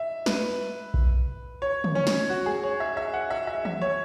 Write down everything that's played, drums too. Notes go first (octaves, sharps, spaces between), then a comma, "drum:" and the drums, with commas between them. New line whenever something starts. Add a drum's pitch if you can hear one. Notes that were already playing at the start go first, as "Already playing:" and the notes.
Already playing: E5
B4, drum: snare
drum: kick B1
C#5
drum: tom
C#4
drum: snare
F#4
G#4
C#5
E5
E5
F#5
E5
E5
E5, drum: tom D#3
C#5